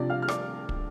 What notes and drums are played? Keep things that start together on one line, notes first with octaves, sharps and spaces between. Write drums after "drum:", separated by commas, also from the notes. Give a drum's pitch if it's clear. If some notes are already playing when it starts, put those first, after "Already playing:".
Already playing: C3 F3 D4 D5
F5 F6
F6
D5 D6, drum: rim click
drum: kick